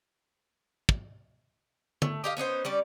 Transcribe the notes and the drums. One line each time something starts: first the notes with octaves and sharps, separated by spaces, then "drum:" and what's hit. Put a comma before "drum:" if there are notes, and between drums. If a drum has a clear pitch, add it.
drum: kick
A3, drum: tom D3
G4 D#5 F5
B3 C#4 D#4 C5
G3 C#4 D5